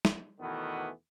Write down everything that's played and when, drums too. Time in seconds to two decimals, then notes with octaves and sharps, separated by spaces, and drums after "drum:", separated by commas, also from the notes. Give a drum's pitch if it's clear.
0.05 drum: snare
0.40 E2 B2 D#3 E3 A3 B3